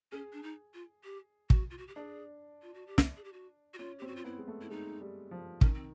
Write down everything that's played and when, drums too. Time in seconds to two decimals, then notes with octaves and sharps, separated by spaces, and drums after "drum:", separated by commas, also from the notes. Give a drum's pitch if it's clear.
0.12 C#4 G#4
0.33 D4
0.43 D#4
0.74 F4
1.04 G4
1.50 F#4, drum: kick
1.70 F4
1.78 F#4
1.88 G4
1.95 D4 G#4
2.62 F4
2.74 F#4
2.87 G4
2.98 drum: snare
3.17 G#4
3.24 G4
3.33 F#4
3.74 F#4
3.78 C#4 F4
3.99 C4 G4
4.07 F#4
4.16 F4
4.25 B3 E4
4.38 G#3
4.48 A3
4.61 E4
4.70 G#3 D#4
5.01 G3
5.31 F3
5.61 D#3 C#4, drum: kick
5.74 C4